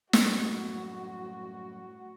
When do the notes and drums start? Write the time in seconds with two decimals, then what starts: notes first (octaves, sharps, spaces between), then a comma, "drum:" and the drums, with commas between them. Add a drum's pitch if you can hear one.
0.13 F#2 A2 G3 F#4, drum: snare